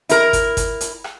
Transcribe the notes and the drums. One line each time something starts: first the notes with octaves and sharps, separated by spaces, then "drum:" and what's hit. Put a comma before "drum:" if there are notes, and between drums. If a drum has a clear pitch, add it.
E4 A#4, drum: hi-hat
drum: kick G1, hi-hat
drum: kick G1, hi-hat
drum: hi-hat
drum: rim click